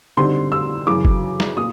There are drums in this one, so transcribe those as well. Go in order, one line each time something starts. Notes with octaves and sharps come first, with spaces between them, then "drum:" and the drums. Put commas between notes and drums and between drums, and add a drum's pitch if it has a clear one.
D3 G3 C4 D#4 C6
E6
F#2 C#3 E3 D6
drum: kick F#1
drum: snare
A#2 D#6